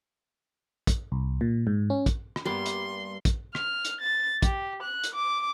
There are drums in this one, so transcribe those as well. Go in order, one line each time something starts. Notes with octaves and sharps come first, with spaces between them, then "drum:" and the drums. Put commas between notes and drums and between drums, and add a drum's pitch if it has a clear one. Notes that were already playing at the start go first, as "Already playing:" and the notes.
drum: kick, hi-hat
C2
A#2
G#2
C#4
drum: kick, hi-hat
drum: rim click
G2 G3 A#3 B3 C6
drum: hi-hat
drum: kick, hi-hat
F6, drum: rim click
drum: hi-hat
A6
G4, drum: kick, hi-hat
F#6
drum: hi-hat
D6